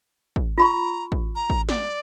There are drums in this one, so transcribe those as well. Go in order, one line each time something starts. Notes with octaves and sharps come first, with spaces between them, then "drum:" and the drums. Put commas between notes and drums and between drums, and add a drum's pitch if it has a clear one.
drum: kick A1
F4 A#5 B5 C#6
drum: kick A1
A#5
drum: kick A1
D5, drum: snare